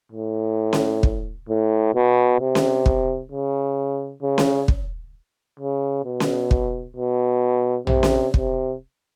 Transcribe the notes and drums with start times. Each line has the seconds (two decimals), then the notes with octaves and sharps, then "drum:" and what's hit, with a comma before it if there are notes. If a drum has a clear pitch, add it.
0.12 A2
0.73 drum: snare C#4
1.03 drum: kick
1.49 A2
1.95 B2
2.40 C3
2.55 drum: snare C#4
2.86 drum: kick
3.32 C#3
4.23 C#3
4.38 drum: snare C#4
4.68 drum: kick
5.59 C#3
6.05 B2
6.20 drum: snare C#4
6.51 drum: kick
6.97 B2
7.87 C3, drum: tom A#1
8.03 drum: snare C#4
8.34 C3, drum: kick